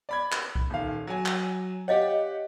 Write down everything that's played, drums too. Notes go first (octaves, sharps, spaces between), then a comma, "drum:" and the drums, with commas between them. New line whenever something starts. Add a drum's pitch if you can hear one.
D5 B5 G#6
drum: clap
drum: kick C2
D#1 D#3 F5
F#3 G#5
drum: clap
G4 C#5 D#5 F5 F#5